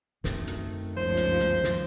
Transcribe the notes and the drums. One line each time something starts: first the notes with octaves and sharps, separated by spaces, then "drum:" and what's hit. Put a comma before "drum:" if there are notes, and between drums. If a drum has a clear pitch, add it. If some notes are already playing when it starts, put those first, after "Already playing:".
F#2 D#3 A3 C4, drum: snare
drum: hi-hat
G1 C#2 F3 C5
drum: hi-hat
drum: hi-hat
drum: snare